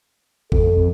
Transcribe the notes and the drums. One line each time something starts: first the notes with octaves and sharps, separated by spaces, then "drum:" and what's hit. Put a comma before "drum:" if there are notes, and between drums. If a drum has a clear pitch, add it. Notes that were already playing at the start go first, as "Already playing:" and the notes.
F2 A4, drum: kick G1